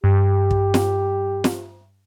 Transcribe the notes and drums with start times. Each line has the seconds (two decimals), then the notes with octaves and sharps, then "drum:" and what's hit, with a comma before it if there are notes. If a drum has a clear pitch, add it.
0.04 G2 G4
0.51 drum: kick
0.74 drum: snare
1.44 drum: snare